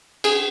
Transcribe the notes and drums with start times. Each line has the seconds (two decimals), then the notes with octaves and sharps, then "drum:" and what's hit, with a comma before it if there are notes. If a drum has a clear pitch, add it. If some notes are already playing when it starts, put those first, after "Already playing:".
0.24 G#4, drum: cymbal